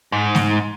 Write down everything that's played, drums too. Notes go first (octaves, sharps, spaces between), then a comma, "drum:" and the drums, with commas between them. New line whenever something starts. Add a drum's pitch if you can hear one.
G#2
drum: snare A3